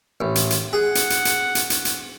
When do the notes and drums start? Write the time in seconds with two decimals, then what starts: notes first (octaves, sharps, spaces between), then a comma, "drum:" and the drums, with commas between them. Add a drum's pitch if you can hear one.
0.21 A1
0.35 drum: hi-hat
0.50 drum: hi-hat
0.73 G#4 F#5
0.95 drum: hi-hat
1.10 drum: hi-hat
1.25 drum: hi-hat
1.55 drum: hi-hat
1.70 drum: hi-hat
1.85 drum: hi-hat